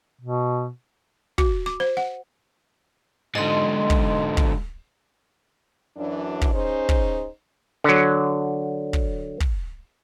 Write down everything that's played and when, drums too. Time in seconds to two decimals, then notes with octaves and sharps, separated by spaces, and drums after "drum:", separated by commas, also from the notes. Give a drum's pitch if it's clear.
0.21 B2
1.38 F#4, drum: kick
1.66 D6
1.80 C5
1.97 F#5
3.35 G#2 D3 D#5 C6
3.90 drum: kick
4.37 drum: kick
5.97 F#2 E3 F#3 D4
6.41 drum: kick
6.53 C#4 D#4 G#4 C5
6.89 drum: kick
7.84 D3 F#3
8.93 drum: kick
9.40 drum: kick